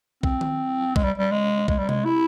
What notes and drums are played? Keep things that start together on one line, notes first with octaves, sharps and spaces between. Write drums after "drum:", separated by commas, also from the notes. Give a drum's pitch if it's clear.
C4, drum: kick A#1
drum: tom D#3
G#3, drum: kick A#1
G3
G3
G#3
G#3, drum: kick A#1
G3
G#3, drum: tom C3
E4